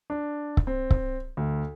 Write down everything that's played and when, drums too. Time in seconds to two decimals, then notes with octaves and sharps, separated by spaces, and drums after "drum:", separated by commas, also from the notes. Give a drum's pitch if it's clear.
0.10 D4
0.57 drum: kick C#1
0.67 C4
0.90 drum: kick C#1
1.37 D2